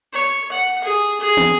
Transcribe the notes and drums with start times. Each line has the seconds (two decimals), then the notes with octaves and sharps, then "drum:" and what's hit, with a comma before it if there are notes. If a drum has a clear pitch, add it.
0.13 C#5
0.51 F#5
0.84 G#4
1.20 G#4
1.37 drum: tom